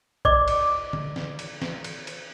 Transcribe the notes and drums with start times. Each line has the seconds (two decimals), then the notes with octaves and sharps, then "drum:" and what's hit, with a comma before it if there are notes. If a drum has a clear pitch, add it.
0.25 D5 D#5 D6, drum: kick
0.48 drum: cymbal
0.93 drum: tom D3
1.16 drum: snare
1.39 drum: cymbal
1.62 drum: snare
1.84 drum: cymbal
2.07 drum: cymbal